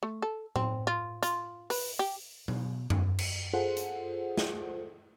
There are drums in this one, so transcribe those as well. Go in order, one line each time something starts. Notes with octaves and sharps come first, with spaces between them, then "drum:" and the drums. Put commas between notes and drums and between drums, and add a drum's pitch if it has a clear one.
A3
A4
C4, drum: tom A2
F4
F4, drum: hi-hat
B4, drum: open hi-hat
G4
B2, drum: tom F#3
drum: tom F#2
drum: cymbal
F4 G#4 A4 C5 F#5
drum: hi-hat
drum: snare